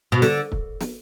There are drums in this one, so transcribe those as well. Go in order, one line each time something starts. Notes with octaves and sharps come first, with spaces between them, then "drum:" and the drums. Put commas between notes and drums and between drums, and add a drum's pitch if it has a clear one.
B2
D3, drum: snare
drum: kick
drum: snare